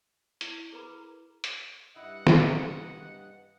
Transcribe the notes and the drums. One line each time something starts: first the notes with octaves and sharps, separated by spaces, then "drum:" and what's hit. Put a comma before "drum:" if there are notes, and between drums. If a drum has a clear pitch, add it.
E4, drum: hi-hat
G#4 A#4 B4 A#5 B5 D6
drum: hi-hat
G2 E4 D#5 F#5
drum: snare